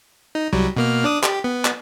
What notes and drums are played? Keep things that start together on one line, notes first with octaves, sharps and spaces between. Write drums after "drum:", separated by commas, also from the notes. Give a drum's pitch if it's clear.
D#4
C2 F#3 G3
B2 A#3 F6
D4 D5 D#6
G4, drum: clap
B3
drum: clap